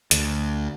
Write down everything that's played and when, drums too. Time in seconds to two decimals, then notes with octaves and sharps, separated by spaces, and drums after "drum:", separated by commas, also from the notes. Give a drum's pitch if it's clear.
0.11 D2, drum: hi-hat